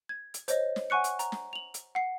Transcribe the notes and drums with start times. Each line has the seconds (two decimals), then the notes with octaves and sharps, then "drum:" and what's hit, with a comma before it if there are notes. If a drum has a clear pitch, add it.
0.09 G#6
0.34 drum: hi-hat
0.48 C5 C#5 D#5, drum: hi-hat
0.76 drum: snare
0.90 F#5 G#5 C#6 F#6 C#7
1.04 drum: hi-hat
1.19 A#5, drum: hi-hat
1.32 drum: snare
1.53 F7 F#7
1.74 drum: hi-hat
1.95 F#5 C7